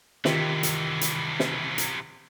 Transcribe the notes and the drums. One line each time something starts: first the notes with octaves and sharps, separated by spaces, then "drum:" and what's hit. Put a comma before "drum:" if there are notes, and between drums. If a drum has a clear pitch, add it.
C3 D#3 E3 F4 G4, drum: snare
drum: hi-hat
drum: hi-hat
drum: snare
drum: hi-hat